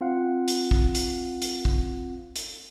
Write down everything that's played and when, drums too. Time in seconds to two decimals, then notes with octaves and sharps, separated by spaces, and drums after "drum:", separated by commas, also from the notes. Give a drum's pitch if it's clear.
0.01 C4 F4 F5 F#5
0.48 drum: hi-hat
0.71 drum: kick
0.95 drum: hi-hat
1.42 drum: hi-hat
1.65 drum: kick
2.36 drum: hi-hat